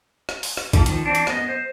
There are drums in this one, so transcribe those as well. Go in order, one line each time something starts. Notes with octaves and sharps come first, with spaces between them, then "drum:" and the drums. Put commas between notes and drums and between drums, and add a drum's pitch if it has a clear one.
drum: rim click
drum: open hi-hat
drum: rim click
D3 F3 A#3, drum: kick, hi-hat
D#3 F3, drum: hi-hat
E3 C4 D4
drum: hi-hat
F#2 B3 D#5, drum: rim click
C5